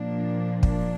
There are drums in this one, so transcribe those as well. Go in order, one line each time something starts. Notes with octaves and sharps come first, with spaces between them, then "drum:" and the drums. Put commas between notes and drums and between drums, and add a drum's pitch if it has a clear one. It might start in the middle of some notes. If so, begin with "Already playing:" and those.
Already playing: A#2 F3 A#3 D4
D4, drum: kick